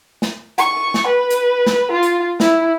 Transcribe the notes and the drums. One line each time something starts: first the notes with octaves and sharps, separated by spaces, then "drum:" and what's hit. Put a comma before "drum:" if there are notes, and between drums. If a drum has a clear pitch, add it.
drum: snare
C#6, drum: hi-hat
drum: snare
B4
drum: hi-hat
drum: snare
F4
drum: hi-hat
E4, drum: snare